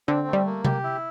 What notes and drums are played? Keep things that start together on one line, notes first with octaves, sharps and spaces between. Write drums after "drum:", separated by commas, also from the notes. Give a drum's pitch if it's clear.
D3 C4
A3
G3
A#3
G4, drum: tom C3
E4